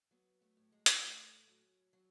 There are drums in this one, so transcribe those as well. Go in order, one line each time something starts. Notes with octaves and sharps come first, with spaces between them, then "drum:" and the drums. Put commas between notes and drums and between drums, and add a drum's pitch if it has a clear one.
F#3 B3
A3
A2
G#3
drum: hi-hat
A2 A3
F#3 C#4
F#3